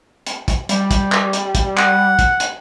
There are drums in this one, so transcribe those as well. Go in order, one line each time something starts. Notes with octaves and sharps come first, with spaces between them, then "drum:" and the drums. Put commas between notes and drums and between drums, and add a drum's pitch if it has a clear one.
drum: hi-hat
drum: kick, hi-hat
G3, drum: hi-hat
drum: kick, hi-hat
drum: clap
drum: hi-hat
drum: kick, hi-hat
F#5, drum: clap
drum: kick, hi-hat
drum: hi-hat